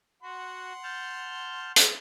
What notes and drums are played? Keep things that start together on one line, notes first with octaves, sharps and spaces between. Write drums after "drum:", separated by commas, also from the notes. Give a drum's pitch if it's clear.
F#4 F#5 C6
A5 F6 G6
drum: hi-hat